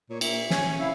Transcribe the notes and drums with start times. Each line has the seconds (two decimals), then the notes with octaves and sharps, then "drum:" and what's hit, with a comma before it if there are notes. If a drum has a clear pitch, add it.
0.10 A#2 C#5
0.21 A#2 E5, drum: cymbal
0.50 C#4 G#5, drum: snare
0.68 C#5
0.79 C3 E4 F5